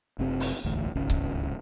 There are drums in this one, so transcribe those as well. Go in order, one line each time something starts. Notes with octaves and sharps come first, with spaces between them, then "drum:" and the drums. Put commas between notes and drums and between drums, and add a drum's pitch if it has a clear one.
F#1 C3 C4
drum: open hi-hat
E1 A1 D2
D1 G#1 C#2 C#4
drum: kick C#1